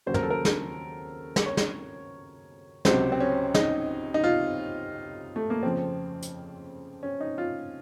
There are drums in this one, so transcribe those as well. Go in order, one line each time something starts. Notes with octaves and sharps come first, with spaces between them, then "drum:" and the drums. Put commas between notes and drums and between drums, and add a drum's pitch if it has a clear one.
D#2 C#3 F#3 C5
A#4, drum: tom
A4
A#4
drum: snare
drum: snare
C#5
drum: snare
C#2 C3 F#3 C5, drum: snare
C4
C#4
D#4, drum: snare
D#4
F4
A3
A#3
F2 C#3 F3 C4
drum: hi-hat
C#4
D#4
F4